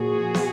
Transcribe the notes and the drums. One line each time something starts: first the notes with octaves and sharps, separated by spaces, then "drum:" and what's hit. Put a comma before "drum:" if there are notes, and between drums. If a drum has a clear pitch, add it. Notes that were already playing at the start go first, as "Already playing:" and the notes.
Already playing: A#2 F3 F#4 G#4
drum: snare